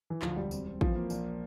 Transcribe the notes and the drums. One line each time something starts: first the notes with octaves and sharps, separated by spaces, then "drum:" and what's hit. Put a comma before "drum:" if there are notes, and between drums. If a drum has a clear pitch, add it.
E3
D2 F3, drum: clap
E1 G3
C4, drum: tambourine
C4
E3 F3, drum: kick
A#3
A#1, drum: tambourine